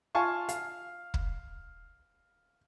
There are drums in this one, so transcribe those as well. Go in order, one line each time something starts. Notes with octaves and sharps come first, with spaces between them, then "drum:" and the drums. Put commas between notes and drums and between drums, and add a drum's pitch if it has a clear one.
F4 F5 G#5 A5 C#6
F5, drum: hi-hat
drum: kick